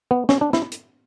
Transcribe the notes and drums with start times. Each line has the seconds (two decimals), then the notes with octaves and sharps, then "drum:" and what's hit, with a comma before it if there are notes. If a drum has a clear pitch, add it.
0.11 B3
0.29 C#4, drum: snare
0.41 D4
0.53 E4, drum: snare
0.72 drum: hi-hat